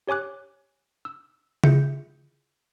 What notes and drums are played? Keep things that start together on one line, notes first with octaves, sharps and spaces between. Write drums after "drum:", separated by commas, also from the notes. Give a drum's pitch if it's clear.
G4 C#5 G#5 D6 F#6
E6
E4 F4 G#4 E5 G6 C#7, drum: tom C#3